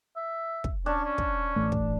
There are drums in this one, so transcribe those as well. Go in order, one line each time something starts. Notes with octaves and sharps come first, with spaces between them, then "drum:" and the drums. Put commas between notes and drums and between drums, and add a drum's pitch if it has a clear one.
E5
drum: kick
C#4 D4
C#4
drum: kick
A1 A3
drum: kick